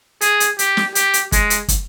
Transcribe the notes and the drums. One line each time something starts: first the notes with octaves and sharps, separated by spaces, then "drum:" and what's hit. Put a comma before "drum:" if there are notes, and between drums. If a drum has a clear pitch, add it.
G#4, drum: hi-hat
drum: hi-hat
G4, drum: hi-hat
drum: snare
G4, drum: hi-hat
drum: hi-hat
G#3, drum: kick, hi-hat
drum: hi-hat
drum: kick, hi-hat